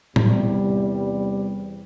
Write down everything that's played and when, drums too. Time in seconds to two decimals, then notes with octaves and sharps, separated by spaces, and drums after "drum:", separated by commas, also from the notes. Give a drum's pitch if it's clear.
0.16 E2 C3 G3, drum: tom A2